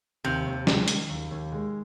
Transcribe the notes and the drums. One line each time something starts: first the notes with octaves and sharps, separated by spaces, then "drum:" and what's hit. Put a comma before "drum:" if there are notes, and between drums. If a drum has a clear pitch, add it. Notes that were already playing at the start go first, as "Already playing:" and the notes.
D#2 C3
D#2
G#3, drum: snare
D#3, drum: hi-hat
D#2
D#2
G#3